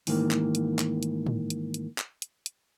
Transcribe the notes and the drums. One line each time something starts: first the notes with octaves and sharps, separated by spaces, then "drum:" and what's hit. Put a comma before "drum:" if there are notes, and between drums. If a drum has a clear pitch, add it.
G#2 D#3 E3 A3 A#3, drum: open hi-hat
drum: clap
drum: hi-hat
drum: clap
drum: hi-hat
drum: tom A2
drum: hi-hat
drum: hi-hat
drum: clap
drum: hi-hat
drum: hi-hat